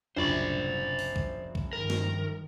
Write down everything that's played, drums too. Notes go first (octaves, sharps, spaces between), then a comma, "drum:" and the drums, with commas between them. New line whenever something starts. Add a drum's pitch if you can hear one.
F#1 C2 A2 D4 F4 C5 D5 C#6
F3, drum: open hi-hat
drum: kick
drum: kick
G2 D#3 F3 A#4
drum: snare